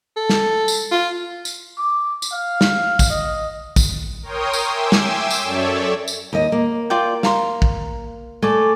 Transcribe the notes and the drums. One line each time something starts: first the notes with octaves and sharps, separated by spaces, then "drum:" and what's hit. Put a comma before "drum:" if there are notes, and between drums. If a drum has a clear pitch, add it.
A4
drum: snare
drum: tambourine
F4
drum: tambourine
D6
drum: tambourine
F5
drum: snare
drum: kick, tambourine
D#5
drum: kick, tambourine
A#4 C#5 G5 C6 D#6
drum: tambourine
E5 G5 G#5 C6 D6 E6
drum: snare
drum: tambourine
F#2 A4 C#5 D5 E5
drum: tambourine
D#2 D#5
A#3
F4 D5 G5
F5 A#5 C6, drum: snare
drum: kick
A3 D5 G#5